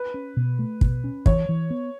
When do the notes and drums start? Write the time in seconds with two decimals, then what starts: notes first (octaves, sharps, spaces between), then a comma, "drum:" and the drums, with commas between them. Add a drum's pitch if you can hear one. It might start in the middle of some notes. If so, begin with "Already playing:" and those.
Already playing: B4
0.14 C#4
0.37 B2
0.59 A3
0.81 B2, drum: kick
1.04 C#4
1.26 E3 C#5, drum: kick
1.49 E3
1.70 B3